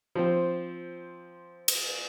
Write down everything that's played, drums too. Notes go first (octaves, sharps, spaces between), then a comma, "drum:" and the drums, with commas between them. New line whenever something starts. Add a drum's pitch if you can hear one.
F3 C4
drum: cymbal